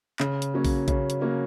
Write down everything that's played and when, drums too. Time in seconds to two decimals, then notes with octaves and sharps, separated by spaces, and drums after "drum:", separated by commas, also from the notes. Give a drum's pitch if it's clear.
0.20 C#3, drum: clap
0.42 drum: hi-hat
0.54 F#3 A#3 C#4
0.65 drum: kick A#1, open hi-hat
0.88 C#3, drum: kick A#1, hi-hat
1.10 drum: hi-hat
1.21 F#3 A#3 C#4